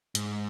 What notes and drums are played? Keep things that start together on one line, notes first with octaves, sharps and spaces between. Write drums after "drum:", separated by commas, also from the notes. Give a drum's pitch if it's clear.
G#2, drum: hi-hat